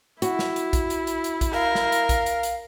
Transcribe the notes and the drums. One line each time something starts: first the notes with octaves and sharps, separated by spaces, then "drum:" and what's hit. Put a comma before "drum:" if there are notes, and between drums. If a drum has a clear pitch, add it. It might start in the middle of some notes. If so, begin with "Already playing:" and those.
E4 F#4, drum: hi-hat
drum: snare
drum: hi-hat
drum: kick A#1, hi-hat
drum: hi-hat
drum: hi-hat
drum: hi-hat
drum: kick A#1, hi-hat
A#4 F5
drum: snare
drum: hi-hat
drum: kick A#1, hi-hat
drum: hi-hat
drum: hi-hat